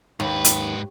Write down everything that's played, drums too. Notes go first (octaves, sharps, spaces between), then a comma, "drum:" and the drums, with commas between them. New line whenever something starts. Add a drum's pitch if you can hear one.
D#2 G#2 B4
drum: hi-hat